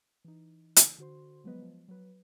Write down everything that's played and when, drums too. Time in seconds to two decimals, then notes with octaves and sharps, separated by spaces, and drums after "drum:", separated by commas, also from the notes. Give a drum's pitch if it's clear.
0.25 E3 D#4
0.76 drum: hi-hat
0.98 D3 F#4 C5 C6
1.44 F3 F#3 G#3 B3 B4 D#5
1.62 F3
1.88 F#3 B4